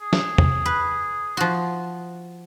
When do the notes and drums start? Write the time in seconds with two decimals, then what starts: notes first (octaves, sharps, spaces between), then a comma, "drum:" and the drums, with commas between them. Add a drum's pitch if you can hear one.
0.01 G#4
0.13 drum: snare
0.38 drum: tom
0.66 B4
1.37 F3 F#4